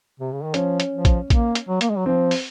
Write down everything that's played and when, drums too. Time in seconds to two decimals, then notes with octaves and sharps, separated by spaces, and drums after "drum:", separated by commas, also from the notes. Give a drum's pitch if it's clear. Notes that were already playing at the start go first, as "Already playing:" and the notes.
0.20 C3
0.32 C#3
0.44 D#3
0.54 F3 C#4, drum: hi-hat
0.80 drum: hi-hat
0.93 F3
1.05 drum: kick A#1, hi-hat
1.30 A#3, drum: kick A#1, hi-hat
1.55 drum: hi-hat
1.68 F#3
1.81 A#3, drum: hi-hat
1.90 G#3
1.97 F#3
2.06 F3 C4
2.31 drum: open hi-hat